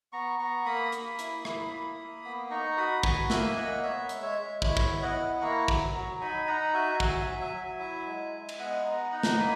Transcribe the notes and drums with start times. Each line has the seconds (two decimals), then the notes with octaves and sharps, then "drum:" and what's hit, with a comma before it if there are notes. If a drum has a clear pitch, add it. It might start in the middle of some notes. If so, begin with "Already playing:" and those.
0.12 B3 A#5 C#6
0.39 B3 A#5 C#6
0.66 A#3 B5 D#6
0.92 A#3, drum: hi-hat
1.19 E4, drum: hi-hat
1.45 E4, drum: rim click
1.71 A#3
1.98 A#3
2.25 B3
2.51 D#4 A#5 C#6
2.77 F#4 B5 D#6
3.03 F#4 G#5 B5, drum: kick
3.30 A#3 E5 G#5, drum: snare
3.56 A#3 D#5 F#5
3.83 B3 C#5 E5
4.09 G#3, drum: hi-hat
4.22 C#5 E5
4.36 G#3
4.62 E4 C#5 E5, drum: kick
4.77 drum: kick
4.89 B3
5.02 D#5 F#5
5.15 E4
5.41 A#3 A#5 C#6
5.68 F#3, drum: kick
5.94 F#3
6.21 D#4 G#5 B5
6.47 D#4 F#5 A#5
6.73 F#4 E5 G#5
7.00 F#3 E5 G#5, drum: kick
7.26 F#3
7.40 E5 G#5
7.53 F#3
7.79 E4
8.07 G#3
8.32 G#3
8.49 drum: cymbal
8.59 B3 D#5 F#5
8.85 B3 F#5 A#5
9.11 D#4 F#5 A#5
9.23 drum: snare
9.38 A#3 G#5 B5